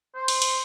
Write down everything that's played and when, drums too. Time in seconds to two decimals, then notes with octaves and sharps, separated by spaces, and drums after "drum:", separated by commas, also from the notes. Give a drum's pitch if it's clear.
0.15 C5
0.28 drum: cymbal
0.42 drum: cymbal